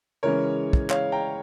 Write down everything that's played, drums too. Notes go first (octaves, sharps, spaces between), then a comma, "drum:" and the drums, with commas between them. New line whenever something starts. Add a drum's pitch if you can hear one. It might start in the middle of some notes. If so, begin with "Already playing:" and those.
C#3 E3 G#3 C#4 A#4 C#5
drum: kick
C#5 F5, drum: clap
G5 A#5